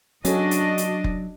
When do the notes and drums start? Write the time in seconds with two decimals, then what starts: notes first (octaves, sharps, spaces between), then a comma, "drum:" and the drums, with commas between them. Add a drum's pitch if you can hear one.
0.25 F#3 C#4 D4 F#4 A4 D#5, drum: hi-hat
0.51 drum: hi-hat
0.78 drum: hi-hat
1.04 drum: kick F1